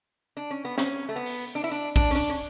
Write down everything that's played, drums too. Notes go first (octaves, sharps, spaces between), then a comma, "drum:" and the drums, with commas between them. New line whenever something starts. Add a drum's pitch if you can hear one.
D4
C#4
B3
C#4, drum: snare
A3
B3
drum: open hi-hat
D4
E4
D4
D4, drum: kick
C#4, drum: open hi-hat
D4
C#4